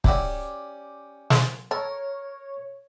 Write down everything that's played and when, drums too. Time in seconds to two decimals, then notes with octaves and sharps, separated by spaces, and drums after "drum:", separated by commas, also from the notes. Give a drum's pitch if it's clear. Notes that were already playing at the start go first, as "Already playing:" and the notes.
0.04 C#4 E4 F#4 G4 D5, drum: kick
1.30 G#4 A#4 C5, drum: snare
1.71 A4 A#4 C#5